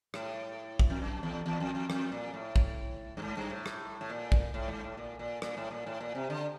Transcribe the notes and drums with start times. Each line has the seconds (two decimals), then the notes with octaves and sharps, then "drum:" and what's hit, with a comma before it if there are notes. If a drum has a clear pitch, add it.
0.14 A2, drum: rim click
0.79 drum: kick
0.90 F2
1.02 F#2
1.23 E2
1.46 E2
1.60 F2
1.75 F2
1.90 F2, drum: rim click
2.12 A#2
2.34 A2
2.56 drum: kick
3.17 G2
3.22 G#2
3.37 G2
3.50 A2
3.66 drum: rim click
4.01 A2
4.10 A#2
4.32 drum: kick
4.54 A2
4.68 G#2
4.84 A2
4.97 A#2
5.19 A#2
5.42 A#2, drum: rim click
5.57 A2
5.71 A#2
5.86 A2
6.01 A#2
6.15 C3
6.30 D3